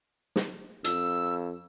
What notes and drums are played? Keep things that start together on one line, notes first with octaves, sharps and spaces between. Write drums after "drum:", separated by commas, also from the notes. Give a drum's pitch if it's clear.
drum: snare
F2 E6, drum: hi-hat